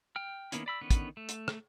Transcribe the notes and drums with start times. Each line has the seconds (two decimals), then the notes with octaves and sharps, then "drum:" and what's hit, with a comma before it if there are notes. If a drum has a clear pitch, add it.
0.16 G5 F6
0.52 D#3 A#3 B3 C#4 E4, drum: hi-hat
0.66 D5 B5 E6
0.81 D3 D#3 B3 C#4 B4
0.90 drum: kick, hi-hat
1.17 A3
1.29 drum: hi-hat
1.48 drum: rim click